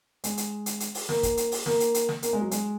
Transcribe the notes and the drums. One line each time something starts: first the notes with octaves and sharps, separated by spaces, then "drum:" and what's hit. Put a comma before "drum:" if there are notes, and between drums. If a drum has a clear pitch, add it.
G#3, drum: hi-hat
drum: hi-hat
drum: hi-hat
drum: hi-hat
drum: open hi-hat
A#3, drum: snare
drum: kick, hi-hat
drum: hi-hat
drum: open hi-hat
A#3, drum: snare
drum: hi-hat
drum: hi-hat
drum: snare
A#3, drum: hi-hat
G#3
F#3
G#3, drum: hi-hat